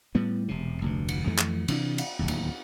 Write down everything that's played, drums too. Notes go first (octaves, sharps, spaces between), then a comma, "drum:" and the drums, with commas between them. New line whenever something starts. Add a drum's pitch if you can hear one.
A2 G3 B3
E1 C3
F1 D2 G2
drum: cymbal
F2 E3 A3
drum: clap
C3 E3 D4, drum: cymbal
drum: cymbal
D1 G#1 D#2
drum: cymbal